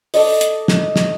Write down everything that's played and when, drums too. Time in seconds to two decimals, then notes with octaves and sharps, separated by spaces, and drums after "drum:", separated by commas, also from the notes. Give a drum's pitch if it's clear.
0.14 A4 D5 D#5, drum: open hi-hat
0.41 drum: hi-hat
0.68 drum: snare
0.96 drum: snare